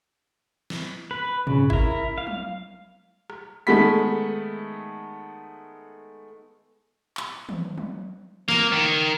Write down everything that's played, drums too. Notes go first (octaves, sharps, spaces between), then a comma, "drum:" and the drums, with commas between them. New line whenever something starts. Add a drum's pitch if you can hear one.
drum: snare
B4
C#3, drum: tom
E4 A#4, drum: kick
F5
drum: tom
drum: rim click
D#3 G#3 A3 B3 B5 B6
drum: clap
drum: tom
drum: tom
A#3, drum: snare
D#3